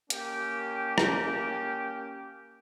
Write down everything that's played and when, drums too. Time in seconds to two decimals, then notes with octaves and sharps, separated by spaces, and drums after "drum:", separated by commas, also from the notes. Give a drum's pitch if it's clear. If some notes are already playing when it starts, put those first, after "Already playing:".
0.10 A#3 C#4 G4, drum: hi-hat
0.98 drum: rim click